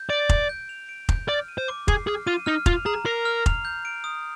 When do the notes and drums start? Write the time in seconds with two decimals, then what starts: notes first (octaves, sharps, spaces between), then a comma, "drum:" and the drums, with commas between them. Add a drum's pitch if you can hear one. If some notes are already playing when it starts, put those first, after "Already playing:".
Already playing: G6
0.10 D5 D7
0.29 G6, drum: kick F1
0.49 G6
0.69 F7
0.89 D7
1.09 G6, drum: kick F1
1.28 D5 F6
1.48 D#7
1.58 C5
1.68 D6
1.88 G#4 C7, drum: kick F1
2.07 G#4 F6
2.27 F4 D#7
2.46 D#4 F6
2.66 F4 F7, drum: kick F1
2.86 G#4 A#5
3.06 A#4 C7
3.25 F6
3.46 F7, drum: kick F1
3.65 G6
3.85 D7
4.04 D#6